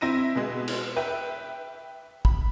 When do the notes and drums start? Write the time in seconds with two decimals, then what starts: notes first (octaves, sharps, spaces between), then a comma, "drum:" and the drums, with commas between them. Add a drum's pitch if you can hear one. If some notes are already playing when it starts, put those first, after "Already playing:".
0.01 C4 E4 A#6 D#7
0.35 B2 G#3
0.68 drum: cymbal
0.96 B4 E5 G5
2.25 B5, drum: kick